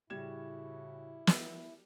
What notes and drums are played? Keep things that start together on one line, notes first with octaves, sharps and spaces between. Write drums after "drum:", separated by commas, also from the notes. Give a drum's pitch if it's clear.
A2 C#3 G3 E4 F#4 G#6 E7
drum: snare